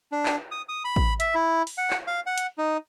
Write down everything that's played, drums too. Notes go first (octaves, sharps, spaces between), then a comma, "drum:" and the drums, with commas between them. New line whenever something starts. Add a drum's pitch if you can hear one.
D4
drum: clap
D#6
D#6
B5
drum: kick A1
E5, drum: hi-hat
E4
drum: open hi-hat
F#5
drum: clap
F5
F#5
drum: hi-hat
D#4